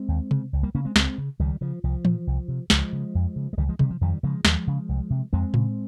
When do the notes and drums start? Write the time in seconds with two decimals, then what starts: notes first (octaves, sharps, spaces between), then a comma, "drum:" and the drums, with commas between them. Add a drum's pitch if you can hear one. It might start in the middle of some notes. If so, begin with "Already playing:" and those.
Already playing: G#3 C4
0.08 D#2
0.31 C#3, drum: tom C3
0.53 C#2
0.63 G3 A#3
0.74 C#3 A#3 C#4
0.85 G#3 C4
0.96 C#2 G#3 C4, drum: snare
1.18 C#3
1.39 C#2 D#3 G3
1.61 C#3 F3
1.84 C2 F3
2.05 A#2, drum: tom E3
2.27 C2
2.48 C3
2.70 C#2 F3 G#3, drum: snare
2.93 C#3
3.15 F2
3.36 C#3
3.53 G#3
3.57 C#2 D#3 G3
3.69 F3 G#3
3.79 C3 D#3 G3, drum: tom C3
3.90 F3
4.01 F2 D#3 G3
4.23 C#3 F3 G#3
4.45 D#2 F3 G#3, drum: snare
4.67 C#3
4.89 C2
5.10 C3
5.33 F2 G#3 C4
5.54 C#3, drum: tom A2